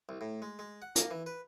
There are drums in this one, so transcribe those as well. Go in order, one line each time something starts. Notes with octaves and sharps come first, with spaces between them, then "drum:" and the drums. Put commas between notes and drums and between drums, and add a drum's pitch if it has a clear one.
C2
A2
G#3
G#3
F#5
A#3, drum: hi-hat
E3
B4